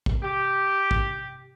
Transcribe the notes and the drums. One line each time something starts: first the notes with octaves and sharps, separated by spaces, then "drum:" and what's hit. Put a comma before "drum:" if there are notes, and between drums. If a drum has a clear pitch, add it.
drum: kick
G4
drum: kick